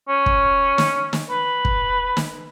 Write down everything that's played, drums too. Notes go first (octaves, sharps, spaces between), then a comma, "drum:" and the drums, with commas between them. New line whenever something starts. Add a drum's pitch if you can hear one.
C#4
drum: kick
drum: snare
drum: snare
B4
drum: kick
drum: snare